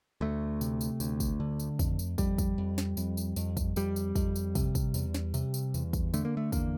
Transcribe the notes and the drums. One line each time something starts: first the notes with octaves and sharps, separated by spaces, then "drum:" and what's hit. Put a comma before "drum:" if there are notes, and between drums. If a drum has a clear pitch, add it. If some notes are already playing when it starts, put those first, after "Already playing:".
D2 A3
C3, drum: tambourine
drum: tambourine
D2, drum: tambourine
drum: kick, tambourine
D3
drum: tambourine
F2, drum: kick, tambourine
drum: tambourine
F2 G3, drum: kick, tambourine
drum: kick, tambourine
F2
drum: snare
F2, drum: tambourine
drum: tambourine
F2, drum: tambourine
drum: kick, tambourine
F2 G3, drum: tambourine
drum: tambourine
F2, drum: kick, tambourine
drum: tambourine
C3, drum: kick, tambourine
drum: kick, tambourine
E2, drum: tambourine
drum: snare
C3, drum: tambourine
drum: tambourine
E2, drum: tambourine
drum: kick, tambourine
D3 A3, drum: tambourine
A#3
A3
E2 A#3, drum: kick, tambourine